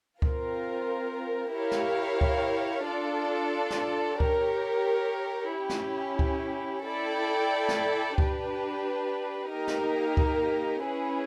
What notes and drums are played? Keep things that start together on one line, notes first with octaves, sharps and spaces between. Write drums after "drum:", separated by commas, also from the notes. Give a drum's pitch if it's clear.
C4 F4 A#4, drum: kick C#2
E4 G4 A#4 C#5 F5
drum: snare
drum: kick C#2
D4 F4 A4 D5
drum: snare
G4 A#4 C#5, drum: kick C#2
C#4 E4 G4
drum: snare
drum: kick C#2
E4 A4 D5 G5
drum: snare
D4 G4 B4, drum: kick C#2
A#3 D#4 G4 A#4
drum: snare
drum: kick C#2
C#4 E4 G#4 B4